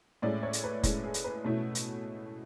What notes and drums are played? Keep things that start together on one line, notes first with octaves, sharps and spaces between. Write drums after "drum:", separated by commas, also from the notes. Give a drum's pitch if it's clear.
A2 G#3 C#4 E4 D5
C#5
drum: hi-hat
B4
A2 G#3 C#4 E4, drum: kick F1, hi-hat
G#4
drum: hi-hat
B4
B2 A3 C#4 E4
drum: hi-hat